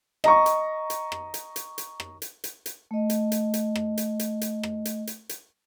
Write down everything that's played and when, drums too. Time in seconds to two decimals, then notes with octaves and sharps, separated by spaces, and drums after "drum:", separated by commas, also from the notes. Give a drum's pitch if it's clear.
0.24 D#5 A#5 C#6, drum: rim click
0.46 drum: hi-hat
0.90 drum: hi-hat
1.12 drum: rim click
1.34 drum: hi-hat
1.56 drum: hi-hat
1.78 drum: hi-hat
2.00 drum: rim click
2.22 drum: hi-hat
2.44 drum: hi-hat
2.66 drum: hi-hat
2.91 A3 D#5
3.10 drum: hi-hat
3.32 drum: hi-hat
3.54 drum: hi-hat
3.76 drum: rim click
3.98 drum: hi-hat
4.19 drum: hi-hat
4.41 drum: hi-hat
4.63 drum: rim click
4.85 drum: hi-hat
5.07 drum: hi-hat
5.29 drum: hi-hat